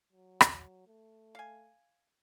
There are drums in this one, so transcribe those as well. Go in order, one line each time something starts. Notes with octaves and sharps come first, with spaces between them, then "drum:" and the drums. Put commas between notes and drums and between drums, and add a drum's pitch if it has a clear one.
F#3
drum: rim click
A3
F5 G#5